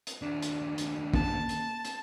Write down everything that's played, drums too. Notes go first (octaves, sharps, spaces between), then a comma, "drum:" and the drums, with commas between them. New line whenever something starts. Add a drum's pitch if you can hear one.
drum: hi-hat
D#2 D4
drum: hi-hat
drum: hi-hat
A#3 C#4 A5, drum: kick
drum: hi-hat
drum: hi-hat